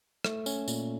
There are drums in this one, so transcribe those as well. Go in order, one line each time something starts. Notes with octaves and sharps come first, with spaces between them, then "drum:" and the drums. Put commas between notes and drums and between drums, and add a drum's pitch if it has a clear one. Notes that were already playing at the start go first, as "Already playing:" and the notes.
A3, drum: rim click
C#4, drum: tambourine
A#2, drum: tambourine